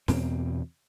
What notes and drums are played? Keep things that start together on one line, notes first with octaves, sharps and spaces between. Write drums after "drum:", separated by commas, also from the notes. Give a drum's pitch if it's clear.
E2 B2 C4, drum: snare